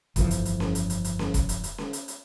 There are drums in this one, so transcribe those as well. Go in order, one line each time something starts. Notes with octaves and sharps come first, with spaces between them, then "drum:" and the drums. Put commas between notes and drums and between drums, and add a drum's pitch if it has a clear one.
G1 F2 E3 F3, drum: kick, hi-hat
drum: hi-hat
drum: hi-hat
drum: snare C#4
drum: hi-hat
drum: hi-hat
drum: hi-hat
drum: snare C#4
drum: kick, hi-hat
drum: hi-hat
drum: hi-hat
drum: snare C#4
drum: hi-hat
drum: hi-hat